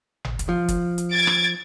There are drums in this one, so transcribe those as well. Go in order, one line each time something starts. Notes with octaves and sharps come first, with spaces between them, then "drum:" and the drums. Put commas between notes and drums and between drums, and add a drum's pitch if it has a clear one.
drum: tom G#1
drum: kick, hi-hat
F3
drum: kick, hi-hat
drum: hi-hat
G#6 A6 D7
drum: rim click